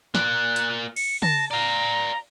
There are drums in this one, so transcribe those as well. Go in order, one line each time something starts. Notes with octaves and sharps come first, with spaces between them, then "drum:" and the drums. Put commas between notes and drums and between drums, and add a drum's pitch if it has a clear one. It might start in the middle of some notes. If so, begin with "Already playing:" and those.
A#3 D5 F#6, drum: snare
drum: hi-hat
C#7, drum: cymbal
A5 A#6, drum: tom
D5 F5 A#5